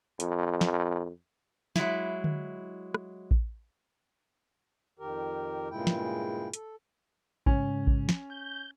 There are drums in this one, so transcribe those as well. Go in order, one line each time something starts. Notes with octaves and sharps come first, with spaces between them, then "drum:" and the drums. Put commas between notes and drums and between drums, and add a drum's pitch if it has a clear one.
F2, drum: hi-hat
drum: snare
F#3 G#3 E4, drum: snare
drum: tom D3
drum: rim click
drum: kick A1
F2 D#3 G4 A#4
G2 A#2 C#3 G#3 E4 G5
drum: snare
A4, drum: hi-hat
G#2 C#3 C#4, drum: kick A1
drum: kick A1
drum: snare
G6